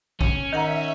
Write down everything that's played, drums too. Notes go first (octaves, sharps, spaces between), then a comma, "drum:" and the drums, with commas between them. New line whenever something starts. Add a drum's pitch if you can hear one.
C#4, drum: kick A#1
D#3 D#4 A#4 E5 F#5 A#5